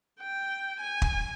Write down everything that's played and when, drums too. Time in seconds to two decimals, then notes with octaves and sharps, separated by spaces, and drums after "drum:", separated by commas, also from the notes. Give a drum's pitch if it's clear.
0.21 G5
0.80 G#5
1.02 drum: kick